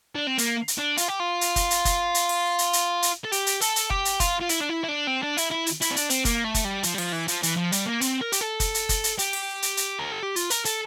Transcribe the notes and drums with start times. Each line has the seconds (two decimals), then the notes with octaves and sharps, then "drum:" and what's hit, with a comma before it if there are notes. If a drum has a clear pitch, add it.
0.15 D4
0.27 C4
0.38 A#3, drum: hi-hat
0.68 drum: hi-hat
0.78 D4
0.97 F4, drum: hi-hat
1.08 G4
1.20 F4
1.41 drum: hi-hat
1.56 drum: kick F#1, hi-hat
1.71 drum: hi-hat
1.85 drum: kick F#1, hi-hat
2.15 drum: hi-hat
2.29 drum: open hi-hat
2.58 drum: hi-hat
2.73 drum: hi-hat
3.02 drum: hi-hat
3.25 A4
3.32 G4, drum: hi-hat
3.46 drum: hi-hat
3.61 A4, drum: hi-hat
3.76 drum: hi-hat
3.90 G4, drum: kick F#1
4.05 drum: hi-hat
4.20 F4, drum: kick F#1, hi-hat
4.40 F4
4.49 E4, drum: hi-hat
4.60 D4
4.69 E4
4.84 E4
4.88 D4
5.07 C4
5.23 D4
5.37 E4, drum: hi-hat
5.51 E4
5.66 drum: hi-hat
5.81 E4, drum: hi-hat
5.91 C4
5.96 D4, drum: hi-hat
6.10 C4, drum: hi-hat
6.25 A#3, drum: kick F#1, hi-hat
6.44 A3
6.54 drum: kick F#1, hi-hat
6.64 G3
6.83 F3, drum: hi-hat
6.94 G3
6.98 F3, drum: open hi-hat
7.13 E3
7.28 F3, drum: hi-hat
7.43 E3, drum: hi-hat
7.57 F3
7.72 G3, drum: hi-hat
7.86 A#3
8.01 C4, drum: hi-hat
8.21 A#4
8.32 G4, drum: hi-hat
8.41 A4
8.60 drum: kick F#1, hi-hat
8.74 drum: hi-hat
8.89 drum: kick F#1, hi-hat
9.04 drum: hi-hat
9.19 G4, drum: hi-hat
9.33 drum: open hi-hat
9.62 drum: hi-hat
9.77 drum: hi-hat
9.99 A#4
10.12 A4
10.23 G4
10.36 F4, drum: hi-hat
10.50 A#4, drum: hi-hat
10.65 A4, drum: hi-hat